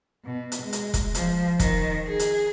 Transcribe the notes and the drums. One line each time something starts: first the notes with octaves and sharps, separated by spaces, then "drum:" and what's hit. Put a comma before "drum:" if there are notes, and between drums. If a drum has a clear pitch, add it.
B2
drum: hi-hat
G#3
drum: hi-hat
drum: kick, hi-hat
F3, drum: hi-hat
D#3, drum: kick, hi-hat
G#4
drum: hi-hat